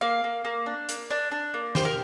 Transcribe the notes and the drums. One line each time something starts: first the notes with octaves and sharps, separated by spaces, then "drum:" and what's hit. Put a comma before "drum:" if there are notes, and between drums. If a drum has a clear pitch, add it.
A#3 F5
A#3
A#3
D4
A#3, drum: hi-hat
D4
D4
A#3
G4 C5, drum: snare
A#4